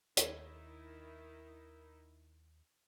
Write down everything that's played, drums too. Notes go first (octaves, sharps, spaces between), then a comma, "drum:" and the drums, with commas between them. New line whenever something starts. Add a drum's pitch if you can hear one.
D#2 D#3 D#4 E4 C#5, drum: hi-hat